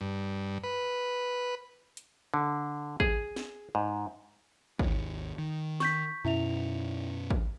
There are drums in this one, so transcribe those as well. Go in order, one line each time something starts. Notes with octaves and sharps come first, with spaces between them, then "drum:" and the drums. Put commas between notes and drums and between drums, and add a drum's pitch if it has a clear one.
G2
B4
drum: hi-hat
D3
G#4, drum: kick
drum: snare
G#2
G#1 D#2, drum: kick
D#3
C#6 G6 B6, drum: snare
F#2 B2 C#4 E4 E5 F7
drum: kick